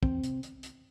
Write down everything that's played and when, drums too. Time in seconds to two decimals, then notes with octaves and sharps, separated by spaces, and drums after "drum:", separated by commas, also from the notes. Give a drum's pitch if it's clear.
0.03 E2 C4, drum: kick
0.23 C3, drum: hi-hat
0.43 drum: hi-hat
0.63 drum: hi-hat